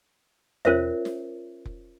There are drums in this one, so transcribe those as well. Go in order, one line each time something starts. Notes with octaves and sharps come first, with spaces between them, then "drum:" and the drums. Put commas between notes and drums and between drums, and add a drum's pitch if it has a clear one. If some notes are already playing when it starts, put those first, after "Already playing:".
C#4 F4 A#4 C5 C#5 E5, drum: tom E2
drum: snare
drum: kick F1